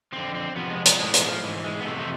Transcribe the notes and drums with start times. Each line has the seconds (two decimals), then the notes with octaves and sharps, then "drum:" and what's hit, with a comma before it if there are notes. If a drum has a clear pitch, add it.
0.12 F2 D3 F3 C4
0.35 C4
0.56 F2 C3 F3 B3
0.70 G#3
0.85 G#3, drum: hi-hat
0.99 A2 E3 G#3
1.14 G#3, drum: hi-hat
1.28 F3
1.43 G#2 E3
1.64 G#3
1.81 B3
1.86 F2 C3 E3 A3
2.00 C4